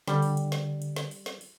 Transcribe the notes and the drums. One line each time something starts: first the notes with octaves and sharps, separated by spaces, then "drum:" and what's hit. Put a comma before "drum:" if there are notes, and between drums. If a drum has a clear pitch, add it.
D3 G3, drum: snare
drum: open hi-hat
drum: hi-hat
drum: snare
drum: hi-hat
drum: snare
drum: open hi-hat
drum: snare
drum: open hi-hat